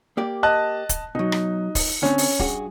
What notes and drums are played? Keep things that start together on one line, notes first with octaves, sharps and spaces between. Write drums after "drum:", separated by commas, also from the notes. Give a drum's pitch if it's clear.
A#3 G4 D5
D#5 A5 F#6
drum: kick, hi-hat
B2 F#3 D#4
drum: rim click
drum: kick, open hi-hat
D3 C4 C#4
drum: open hi-hat
G2 F#4 G#4, drum: kick